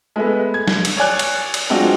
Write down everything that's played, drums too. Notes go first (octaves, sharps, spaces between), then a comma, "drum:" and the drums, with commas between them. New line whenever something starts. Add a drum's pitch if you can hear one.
G#3 A3 B3
G#6
drum: snare
drum: cymbal
C#5 D5 G#5 F#6
drum: cymbal
drum: cymbal
F#3 G#3 C4 D4 F4 F#4